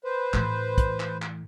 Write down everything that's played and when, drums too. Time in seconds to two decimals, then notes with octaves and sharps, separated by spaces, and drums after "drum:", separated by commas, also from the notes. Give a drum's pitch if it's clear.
0.04 B4 C5
0.34 A2 E3, drum: clap
0.78 drum: kick, hi-hat
1.00 drum: clap
1.22 drum: clap